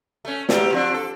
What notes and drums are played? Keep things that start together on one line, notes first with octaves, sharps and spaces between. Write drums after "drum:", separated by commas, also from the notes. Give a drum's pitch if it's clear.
A3 C#4
E3 F#3 G3, drum: snare
F3 C4 D4
A4